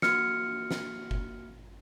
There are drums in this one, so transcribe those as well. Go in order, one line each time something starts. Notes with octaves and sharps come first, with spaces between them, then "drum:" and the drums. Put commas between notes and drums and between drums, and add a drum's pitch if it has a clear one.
A#3 F#4 F6 C#7, drum: snare
drum: snare
drum: kick F#1